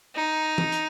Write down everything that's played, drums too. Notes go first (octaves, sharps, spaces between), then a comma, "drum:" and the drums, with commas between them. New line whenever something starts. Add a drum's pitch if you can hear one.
D#4
drum: tom E3
drum: hi-hat